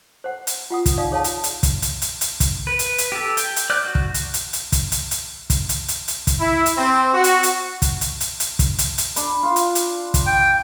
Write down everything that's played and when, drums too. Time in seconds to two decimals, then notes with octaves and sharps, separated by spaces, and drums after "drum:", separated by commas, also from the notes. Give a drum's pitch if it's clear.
0.24 C5 F#5
0.47 drum: hi-hat
0.70 F4 F#5 D#6
0.86 drum: kick, hi-hat
0.97 D#4 D5 F5 D#6
1.12 G#4 C#5 F5 A5
1.24 drum: hi-hat
1.44 drum: hi-hat
1.63 drum: kick, hi-hat
1.82 drum: hi-hat
2.02 drum: hi-hat
2.21 drum: hi-hat
2.40 drum: kick, hi-hat
2.67 B4
2.79 drum: hi-hat
2.98 drum: hi-hat
3.12 G4 A4
3.37 G5, drum: hi-hat
3.56 drum: hi-hat
3.70 D5 D6 F#6 G6
3.85 F#4
3.95 drum: kick
4.14 drum: hi-hat
4.34 drum: hi-hat
4.53 drum: hi-hat
4.72 drum: kick, hi-hat
4.92 drum: hi-hat
5.11 drum: hi-hat
5.50 drum: kick, hi-hat
5.69 drum: hi-hat
5.88 drum: hi-hat
6.08 drum: hi-hat
6.27 drum: kick, hi-hat
6.39 E4
6.66 drum: hi-hat
6.77 C4
7.13 F#4
7.24 drum: hi-hat
7.43 drum: hi-hat
7.82 drum: kick, hi-hat
8.01 drum: hi-hat
8.20 drum: hi-hat
8.40 drum: hi-hat
8.59 drum: kick, hi-hat
8.78 drum: hi-hat
8.98 drum: hi-hat
9.16 D4 B5, drum: hi-hat
9.43 F4 F5
9.56 drum: hi-hat
9.75 drum: hi-hat
10.14 drum: kick, hi-hat
10.26 G5